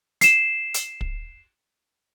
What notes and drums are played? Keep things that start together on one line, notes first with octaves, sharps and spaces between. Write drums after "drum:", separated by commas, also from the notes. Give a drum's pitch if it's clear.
C7 E7, drum: hi-hat
drum: hi-hat
drum: kick